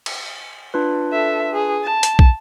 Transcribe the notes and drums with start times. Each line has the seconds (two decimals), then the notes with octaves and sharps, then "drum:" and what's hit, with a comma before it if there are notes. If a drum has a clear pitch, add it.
0.06 drum: cymbal
0.74 D4 F4 B4
1.12 A4 E5
1.52 G#4
1.83 A5
2.03 drum: hi-hat
2.19 drum: kick